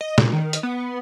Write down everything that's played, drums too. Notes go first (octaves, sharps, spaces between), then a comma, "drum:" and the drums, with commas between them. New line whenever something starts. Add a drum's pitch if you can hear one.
D#5
A#2, drum: snare
D#3
drum: hi-hat
B3